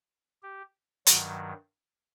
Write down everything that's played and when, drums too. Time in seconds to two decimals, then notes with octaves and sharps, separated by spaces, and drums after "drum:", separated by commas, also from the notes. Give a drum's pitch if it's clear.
0.42 G4
1.06 G2 D#3 F#3 F#4, drum: hi-hat